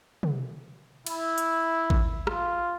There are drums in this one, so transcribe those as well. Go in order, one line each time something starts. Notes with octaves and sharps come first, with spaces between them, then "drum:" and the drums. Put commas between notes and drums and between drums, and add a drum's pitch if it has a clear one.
drum: tom
E4, drum: cymbal
drum: hi-hat
drum: kick A1
F4, drum: rim click